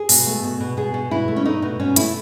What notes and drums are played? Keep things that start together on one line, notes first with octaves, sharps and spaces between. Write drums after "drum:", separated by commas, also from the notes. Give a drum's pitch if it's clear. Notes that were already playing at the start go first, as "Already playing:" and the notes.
Already playing: G#4
B2, drum: open hi-hat
A3
B2
B2
B2 G#4
B2
B2 E4
A3
C#4
A3 D#4
B2
B2 C#4
A3 E4, drum: hi-hat